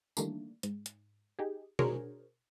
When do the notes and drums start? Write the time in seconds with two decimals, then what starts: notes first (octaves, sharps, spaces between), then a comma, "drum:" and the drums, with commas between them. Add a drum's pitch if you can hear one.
0.17 D#3 E3 G3 A3 A#3 D4, drum: tambourine
0.63 G#2, drum: hi-hat
0.86 drum: hi-hat
1.39 D#4 G4 G#4
1.79 D4 F#4 G#4 A#4 C5 C#5, drum: tom B2